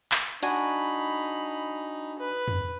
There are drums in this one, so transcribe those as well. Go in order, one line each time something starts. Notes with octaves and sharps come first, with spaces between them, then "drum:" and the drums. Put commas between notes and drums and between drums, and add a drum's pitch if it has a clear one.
drum: clap
D4 D#4 F#4 G#5 B5, drum: hi-hat
B4
drum: tom